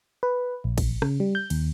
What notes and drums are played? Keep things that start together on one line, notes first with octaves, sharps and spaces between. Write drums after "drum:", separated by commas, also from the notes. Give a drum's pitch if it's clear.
B4
A#1
drum: kick, cymbal
C#3, drum: rim click
G3
G6
D#2, drum: cymbal